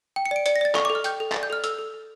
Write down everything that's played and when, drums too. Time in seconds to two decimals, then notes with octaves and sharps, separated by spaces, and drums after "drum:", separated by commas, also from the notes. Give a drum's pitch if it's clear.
0.16 G5
0.25 C#7
0.31 D5 D7
0.46 D5 C#7, drum: hi-hat
0.56 A#6
0.61 D5 A6
0.75 A4 C#6, drum: clap
0.85 D6
0.90 A4
0.95 F6
1.04 G5 G6, drum: hi-hat
1.20 A4
1.32 D5 A6, drum: clap
1.43 G6
1.50 A4 F6
1.64 A4 E6, drum: hi-hat
1.79 A4
1.94 A4